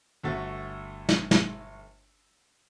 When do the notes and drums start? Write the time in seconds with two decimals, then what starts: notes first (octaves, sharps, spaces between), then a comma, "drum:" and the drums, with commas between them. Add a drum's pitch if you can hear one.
0.24 G1 A3 F#4 E5 A6
1.09 drum: snare
1.31 drum: snare